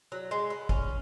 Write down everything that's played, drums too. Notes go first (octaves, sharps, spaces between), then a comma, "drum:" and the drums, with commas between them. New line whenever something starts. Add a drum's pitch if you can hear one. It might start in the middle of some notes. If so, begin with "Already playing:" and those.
F#3
G#3
B3
C#4, drum: kick